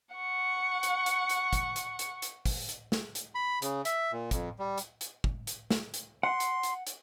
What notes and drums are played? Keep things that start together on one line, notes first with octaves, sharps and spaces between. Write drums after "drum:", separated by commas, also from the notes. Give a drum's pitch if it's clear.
F#5 C#6
drum: hi-hat
drum: hi-hat
drum: hi-hat
drum: kick, hi-hat
drum: hi-hat
drum: hi-hat
drum: hi-hat
drum: kick, open hi-hat
drum: hi-hat
drum: snare
drum: hi-hat
B5
C#3, drum: hi-hat
E5, drum: hi-hat
A#2
F2, drum: kick, hi-hat
G3
drum: hi-hat
drum: hi-hat
drum: kick
drum: hi-hat
drum: snare
drum: hi-hat
F#5 C6
drum: hi-hat
drum: hi-hat
drum: hi-hat